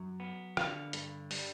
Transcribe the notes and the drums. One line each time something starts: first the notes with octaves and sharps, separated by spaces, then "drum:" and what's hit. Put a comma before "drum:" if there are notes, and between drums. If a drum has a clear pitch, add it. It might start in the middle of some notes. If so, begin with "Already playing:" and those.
Already playing: F#2 F#3
B3
D3 F5, drum: rim click
G2, drum: hi-hat
G3, drum: open hi-hat